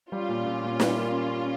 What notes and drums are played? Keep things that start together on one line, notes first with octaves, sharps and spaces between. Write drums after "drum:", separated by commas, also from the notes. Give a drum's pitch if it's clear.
G3 C#4 F4
A#2
A#2
A#2
G3, drum: snare
A#3